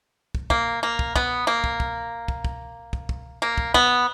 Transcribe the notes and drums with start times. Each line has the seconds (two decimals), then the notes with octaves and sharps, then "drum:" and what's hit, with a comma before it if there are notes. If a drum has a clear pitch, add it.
0.35 drum: kick
0.50 A#3, drum: kick
0.83 A#3
0.99 drum: kick
1.16 B3, drum: kick
1.47 A#3
1.64 drum: kick
1.80 drum: kick
2.28 drum: kick
2.45 drum: kick
2.93 drum: kick
3.09 drum: kick
3.42 A#3
3.58 drum: kick
3.74 B3, drum: kick